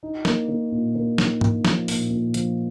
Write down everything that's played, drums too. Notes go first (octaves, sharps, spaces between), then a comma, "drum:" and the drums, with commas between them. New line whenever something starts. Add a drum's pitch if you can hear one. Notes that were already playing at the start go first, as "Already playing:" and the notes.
D#4
A#3, drum: snare
A#3
A#2
A#3
D#4, drum: snare
A#3, drum: tom G#2
F3, drum: snare
A#2, drum: open hi-hat
A#2
F3, drum: hi-hat